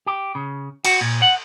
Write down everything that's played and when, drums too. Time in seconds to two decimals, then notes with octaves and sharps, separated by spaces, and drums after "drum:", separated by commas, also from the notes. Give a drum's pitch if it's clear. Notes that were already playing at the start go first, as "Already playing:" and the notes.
0.07 G4
0.35 C#3
0.85 F#4, drum: cymbal
1.01 A#2
1.22 F#5